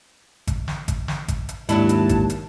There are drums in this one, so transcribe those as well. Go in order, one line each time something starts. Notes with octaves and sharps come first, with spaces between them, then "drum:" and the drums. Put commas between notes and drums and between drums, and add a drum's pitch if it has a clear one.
drum: kick G#1, hi-hat
drum: snare
drum: kick G#1, hi-hat
drum: snare
drum: kick G#1, hi-hat
drum: hi-hat
D#2 G#2 F#3 D4 E4 A5, drum: hi-hat
drum: hi-hat
drum: kick G#1, hi-hat
drum: hi-hat